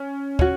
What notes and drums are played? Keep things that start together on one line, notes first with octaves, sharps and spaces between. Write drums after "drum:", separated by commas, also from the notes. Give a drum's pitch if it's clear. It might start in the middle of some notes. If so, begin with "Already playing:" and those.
Already playing: C#4
C#4 F#4, drum: kick